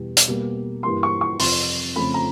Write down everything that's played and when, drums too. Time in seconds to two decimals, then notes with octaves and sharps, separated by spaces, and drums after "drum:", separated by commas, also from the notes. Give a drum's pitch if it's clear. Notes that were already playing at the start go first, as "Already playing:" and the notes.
Already playing: E2 B2 G3
0.17 drum: hi-hat
0.27 B2 G3 A#3
0.83 G2 E3 G3 A#3 C6
1.03 C#6
1.21 C#6
1.40 F2 C3 F3 C6, drum: open hi-hat
1.96 F2 C#3 F3 A3 B5
2.14 A#5